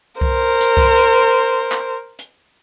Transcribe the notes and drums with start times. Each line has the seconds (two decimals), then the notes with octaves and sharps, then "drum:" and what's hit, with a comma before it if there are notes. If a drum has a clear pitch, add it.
0.21 A#4 C5, drum: kick C2
0.61 drum: hi-hat
0.77 drum: kick C2
1.72 drum: clap
2.19 drum: hi-hat